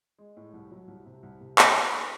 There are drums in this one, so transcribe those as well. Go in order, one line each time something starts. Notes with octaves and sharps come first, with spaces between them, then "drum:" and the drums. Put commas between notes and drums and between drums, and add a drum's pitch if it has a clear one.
G#3
A2
C2
F#3
C2
C3
C2
C3
C4, drum: clap
C4
D#4